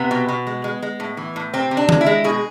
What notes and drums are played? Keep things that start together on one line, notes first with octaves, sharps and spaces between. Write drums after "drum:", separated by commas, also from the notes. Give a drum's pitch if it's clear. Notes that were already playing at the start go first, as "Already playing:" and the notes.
Already playing: C3 B3
B2
B2
G#3
G#3
G#3
A2
E3
A2
C3 C4
C3
D4
G#3, drum: tom D#3
E4
G#3
B2 G#4